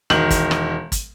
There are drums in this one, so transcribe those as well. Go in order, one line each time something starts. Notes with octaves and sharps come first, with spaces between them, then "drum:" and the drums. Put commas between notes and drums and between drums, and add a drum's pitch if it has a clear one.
E1 D#3 F#7, drum: rim click
drum: kick, hi-hat
drum: rim click
drum: kick, hi-hat